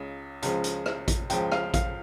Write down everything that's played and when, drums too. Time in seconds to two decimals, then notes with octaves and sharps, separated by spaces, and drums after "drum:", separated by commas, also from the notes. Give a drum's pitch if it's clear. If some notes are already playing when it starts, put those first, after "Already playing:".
Already playing: C#2 C#3
0.42 C#2 C#3 F3, drum: hi-hat
0.64 drum: hi-hat
0.86 drum: rim click
1.08 drum: kick A1, hi-hat
1.30 C#2 C#3 F3 G5, drum: hi-hat
1.52 F5, drum: rim click
1.74 F5, drum: kick A1, hi-hat